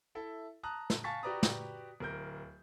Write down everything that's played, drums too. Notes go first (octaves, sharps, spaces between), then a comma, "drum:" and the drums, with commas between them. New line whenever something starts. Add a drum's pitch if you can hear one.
E4 A4 E5
A5 A#5 D#6 F#6
drum: snare
F5 G#5 A5 C#6 A6 B6
F#4 G4 B4 D5 A#5 D#6
drum: snare
D1 A#4 G6